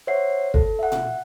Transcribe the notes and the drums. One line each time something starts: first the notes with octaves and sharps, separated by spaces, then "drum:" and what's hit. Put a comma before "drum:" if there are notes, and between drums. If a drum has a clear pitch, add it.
C5 C#5 E5 F#5 C7
A4, drum: kick
E5 F#5
drum: tom A#2